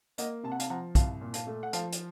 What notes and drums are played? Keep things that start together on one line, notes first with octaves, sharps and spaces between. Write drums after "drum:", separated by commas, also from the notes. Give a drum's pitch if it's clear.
A#3 D#5 F#5, drum: hi-hat
C3 A5
F#5
F5 A5, drum: hi-hat
F3 F#5 A#5
C2 F5 A5, drum: kick, hi-hat
A#2
F5 A5, drum: hi-hat
A3
F#5
F3 F5 A5, drum: hi-hat
drum: hi-hat